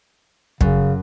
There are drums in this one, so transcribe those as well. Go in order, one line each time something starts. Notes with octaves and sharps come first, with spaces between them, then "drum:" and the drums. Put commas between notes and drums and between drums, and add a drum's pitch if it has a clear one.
F#2 C#3, drum: kick